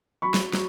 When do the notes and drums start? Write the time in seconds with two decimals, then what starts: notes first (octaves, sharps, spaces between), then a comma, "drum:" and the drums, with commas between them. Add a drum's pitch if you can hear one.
0.22 F#3 B5 C#6
0.34 drum: snare
0.53 F#3, drum: snare